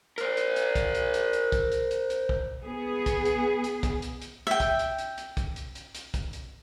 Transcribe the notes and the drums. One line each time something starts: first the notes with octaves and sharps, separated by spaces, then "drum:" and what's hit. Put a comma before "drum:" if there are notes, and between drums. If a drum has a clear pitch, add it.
A#4 C5, drum: hi-hat
drum: hi-hat
drum: hi-hat
drum: kick, hi-hat
drum: hi-hat
drum: hi-hat
drum: hi-hat
drum: kick, hi-hat
drum: hi-hat
drum: hi-hat
drum: hi-hat
drum: kick
B3 G#4
drum: kick, hi-hat
drum: hi-hat
drum: hi-hat
drum: kick, hi-hat
drum: hi-hat
drum: hi-hat
E5 G5
drum: kick, hi-hat
drum: hi-hat
drum: hi-hat
drum: hi-hat
drum: kick, hi-hat
drum: hi-hat
drum: hi-hat
drum: hi-hat
drum: kick, hi-hat
drum: hi-hat